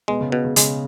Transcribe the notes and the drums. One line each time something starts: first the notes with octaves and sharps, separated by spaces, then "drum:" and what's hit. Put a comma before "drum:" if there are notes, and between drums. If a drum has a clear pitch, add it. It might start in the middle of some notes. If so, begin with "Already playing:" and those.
B2 G#3
C#3
B2
C#3
C#3 G#3, drum: hi-hat